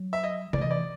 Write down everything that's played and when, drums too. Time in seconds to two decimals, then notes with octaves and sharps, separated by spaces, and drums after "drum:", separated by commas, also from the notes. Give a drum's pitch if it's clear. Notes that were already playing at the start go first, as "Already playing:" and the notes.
Already playing: F#3
0.13 E5
0.24 D#5
0.53 E3 D5, drum: tom C3
0.61 D#5
0.71 D5